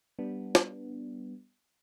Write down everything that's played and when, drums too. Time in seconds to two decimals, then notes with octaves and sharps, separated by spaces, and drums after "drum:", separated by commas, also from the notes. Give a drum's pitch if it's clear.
0.19 G3 B3 D4
0.55 drum: snare